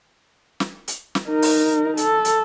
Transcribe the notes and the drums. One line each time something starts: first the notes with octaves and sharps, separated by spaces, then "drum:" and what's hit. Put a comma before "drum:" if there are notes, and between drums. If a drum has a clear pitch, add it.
drum: snare
drum: hi-hat
drum: snare
D#4 A#4
drum: open hi-hat
A4, drum: hi-hat
drum: hi-hat